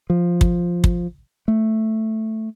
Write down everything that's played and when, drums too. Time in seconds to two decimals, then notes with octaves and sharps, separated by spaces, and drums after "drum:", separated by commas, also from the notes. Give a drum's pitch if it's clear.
0.10 F3
0.41 drum: kick
0.84 drum: kick
1.48 A3